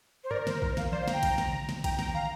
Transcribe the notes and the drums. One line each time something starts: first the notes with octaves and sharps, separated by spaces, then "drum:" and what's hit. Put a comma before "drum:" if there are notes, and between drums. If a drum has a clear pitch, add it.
C5
A#4 D5, drum: tom G2
C5, drum: snare
C5, drum: kick
F5, drum: snare
C5 D5, drum: tom D#3
F5
A#5, drum: snare
G5
drum: kick, cymbal
drum: snare
drum: tom C3
drum: snare
G5 A#5, drum: kick, cymbal
G5 A#5, drum: snare
F5 A#5, drum: tom